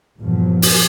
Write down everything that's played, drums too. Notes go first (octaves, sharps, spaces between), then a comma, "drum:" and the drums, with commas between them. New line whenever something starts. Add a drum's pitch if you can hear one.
E2 G2 A#2 F3 F#3
drum: open hi-hat